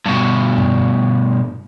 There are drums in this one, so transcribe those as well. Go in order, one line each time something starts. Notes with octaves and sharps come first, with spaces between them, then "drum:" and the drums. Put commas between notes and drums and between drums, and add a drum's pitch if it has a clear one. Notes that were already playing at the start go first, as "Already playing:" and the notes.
G2 B2
drum: tom F#2